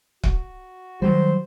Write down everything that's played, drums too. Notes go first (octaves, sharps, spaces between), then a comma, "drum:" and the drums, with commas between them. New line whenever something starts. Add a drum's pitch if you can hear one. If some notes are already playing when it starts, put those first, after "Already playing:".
F#4, drum: kick
D#3 F#3 G3 C5